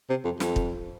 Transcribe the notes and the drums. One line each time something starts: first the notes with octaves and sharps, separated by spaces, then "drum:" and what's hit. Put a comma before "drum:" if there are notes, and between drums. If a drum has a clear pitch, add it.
C3
F2
F2, drum: snare
drum: kick